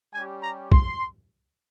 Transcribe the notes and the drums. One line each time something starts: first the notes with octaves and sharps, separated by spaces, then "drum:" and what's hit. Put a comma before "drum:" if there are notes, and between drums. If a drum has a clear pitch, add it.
G3 C#4 G4 G#5
A#5
C6, drum: kick